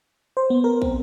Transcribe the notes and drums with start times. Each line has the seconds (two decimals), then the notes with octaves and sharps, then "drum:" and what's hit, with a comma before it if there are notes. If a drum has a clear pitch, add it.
0.37 C5
0.50 B3
0.64 A#4
0.82 C4, drum: kick